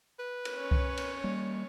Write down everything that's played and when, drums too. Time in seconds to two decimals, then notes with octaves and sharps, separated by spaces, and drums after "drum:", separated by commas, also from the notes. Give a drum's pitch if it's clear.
0.19 B4
0.45 drum: cymbal
0.57 C#4 C#5
0.71 drum: kick C2
0.97 drum: cymbal
1.24 G3 A#3